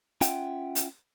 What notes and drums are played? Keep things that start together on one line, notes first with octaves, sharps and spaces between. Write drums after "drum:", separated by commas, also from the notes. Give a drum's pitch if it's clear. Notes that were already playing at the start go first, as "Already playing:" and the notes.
C#4 F4 E5 F#5 G5, drum: hi-hat
drum: hi-hat